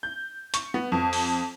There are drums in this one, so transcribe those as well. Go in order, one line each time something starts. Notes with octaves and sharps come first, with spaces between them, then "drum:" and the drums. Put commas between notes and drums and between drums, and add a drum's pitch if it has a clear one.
G6
C#6, drum: hi-hat
B3
F2
drum: open hi-hat